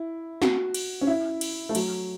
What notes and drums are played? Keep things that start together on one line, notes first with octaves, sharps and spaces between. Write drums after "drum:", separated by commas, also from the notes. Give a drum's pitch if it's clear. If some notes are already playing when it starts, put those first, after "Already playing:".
Already playing: E4
F#4, drum: snare
drum: cymbal
C#4
E4
drum: cymbal
A3
F#3, drum: cymbal